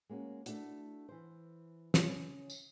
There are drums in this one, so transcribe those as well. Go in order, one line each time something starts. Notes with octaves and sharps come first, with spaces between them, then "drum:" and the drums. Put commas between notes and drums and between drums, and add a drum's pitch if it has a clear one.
G#3 A#3 C#4 F#4
A3 D4 E4 F#4, drum: hi-hat
E3 C5
C#3 C#4, drum: snare
drum: tambourine